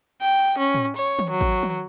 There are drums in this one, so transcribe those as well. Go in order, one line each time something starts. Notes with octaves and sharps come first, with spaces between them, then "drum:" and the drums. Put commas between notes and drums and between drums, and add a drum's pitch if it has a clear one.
G5
C#4
drum: tom A2
C#5, drum: open hi-hat
drum: tom
F#3
drum: kick G#1
drum: tom